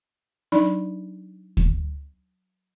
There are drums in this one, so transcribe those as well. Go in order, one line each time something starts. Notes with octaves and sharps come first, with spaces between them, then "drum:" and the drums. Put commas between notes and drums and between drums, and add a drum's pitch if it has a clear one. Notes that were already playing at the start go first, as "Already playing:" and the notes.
F#3 D4 D#4 D5 B5
drum: kick